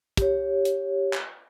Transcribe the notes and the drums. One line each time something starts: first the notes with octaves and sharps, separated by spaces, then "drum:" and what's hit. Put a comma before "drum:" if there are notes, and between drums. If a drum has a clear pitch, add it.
G4 C#5, drum: kick, hi-hat
drum: hi-hat
drum: clap